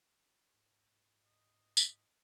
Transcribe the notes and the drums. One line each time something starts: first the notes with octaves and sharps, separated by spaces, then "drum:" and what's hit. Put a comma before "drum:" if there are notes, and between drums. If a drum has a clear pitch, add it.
G#2
D#5
drum: tambourine